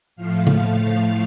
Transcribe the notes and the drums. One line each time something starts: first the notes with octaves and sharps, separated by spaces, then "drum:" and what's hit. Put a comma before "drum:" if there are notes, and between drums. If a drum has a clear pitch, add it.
A2 F3 A3 F5
drum: tom C#3